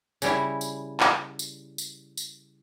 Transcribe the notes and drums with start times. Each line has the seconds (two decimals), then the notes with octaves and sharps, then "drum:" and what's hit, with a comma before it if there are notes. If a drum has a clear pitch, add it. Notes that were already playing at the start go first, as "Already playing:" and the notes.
0.22 C#3 G3 E4, drum: tambourine
0.61 drum: tambourine
1.00 drum: clap
1.39 drum: tambourine
1.78 drum: tambourine
2.17 drum: tambourine